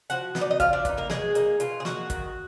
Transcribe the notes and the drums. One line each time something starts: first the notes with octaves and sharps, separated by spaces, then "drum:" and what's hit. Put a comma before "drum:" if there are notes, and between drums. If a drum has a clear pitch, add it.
F3 F#4 F#5, drum: hi-hat
B3 D#4, drum: snare
D5
D#5
F3 F4 F5, drum: kick, hi-hat
D4 D5
B3 D#4, drum: kick, hi-hat
A#3 A#4
B2 G#3 G#4, drum: snare
A#3 D#4, drum: hi-hat
B2 F4, drum: hi-hat
G#4
A#3 D#4 F#4, drum: snare
D#3, drum: kick, hi-hat